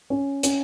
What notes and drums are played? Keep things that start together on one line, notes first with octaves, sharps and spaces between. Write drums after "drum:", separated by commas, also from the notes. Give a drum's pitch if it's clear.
C#4
C#4, drum: hi-hat